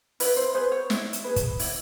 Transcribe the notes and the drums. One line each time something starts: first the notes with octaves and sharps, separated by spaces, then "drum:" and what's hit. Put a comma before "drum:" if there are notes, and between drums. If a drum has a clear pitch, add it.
E4 B4, drum: open hi-hat
C5
G#4 B4 C5
C#5
E4, drum: snare
drum: hi-hat
G#4 B4
drum: kick, hi-hat
E4, drum: open hi-hat